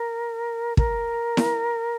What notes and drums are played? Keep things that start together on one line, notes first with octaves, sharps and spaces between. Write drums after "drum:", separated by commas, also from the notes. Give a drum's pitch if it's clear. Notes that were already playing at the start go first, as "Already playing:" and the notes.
Already playing: A#4
A#4, drum: kick
drum: snare E4